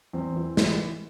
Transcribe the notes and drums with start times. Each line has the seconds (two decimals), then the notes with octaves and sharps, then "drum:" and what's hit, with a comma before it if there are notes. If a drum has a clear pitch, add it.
0.13 E2 C4
0.36 E3
0.57 E3, drum: snare